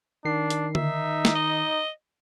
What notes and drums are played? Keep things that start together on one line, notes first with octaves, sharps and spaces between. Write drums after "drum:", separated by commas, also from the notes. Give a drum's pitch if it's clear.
D#3 D4 C7
drum: hi-hat
D#4 E5, drum: tom D3
drum: snare
D#5